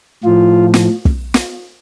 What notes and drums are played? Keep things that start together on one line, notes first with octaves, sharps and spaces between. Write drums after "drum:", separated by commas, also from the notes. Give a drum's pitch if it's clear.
A2 F3 F4
drum: snare
drum: kick
drum: snare